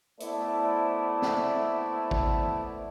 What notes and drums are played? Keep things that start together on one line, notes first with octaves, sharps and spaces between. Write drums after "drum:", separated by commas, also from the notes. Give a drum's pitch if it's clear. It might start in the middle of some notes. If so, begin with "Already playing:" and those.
A3 B3 E4 C5 D5 E5, drum: hi-hat
drum: snare C4
drum: kick G#1